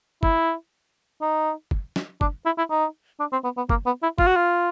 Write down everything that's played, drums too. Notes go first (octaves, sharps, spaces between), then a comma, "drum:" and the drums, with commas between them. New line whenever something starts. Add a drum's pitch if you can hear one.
E4, drum: kick
D#4
drum: kick
drum: snare
D4, drum: kick
E4
E4
D#4
D4
C4
B3
B3
A#3, drum: kick
B3
E4
F4, drum: kick
F#4
F4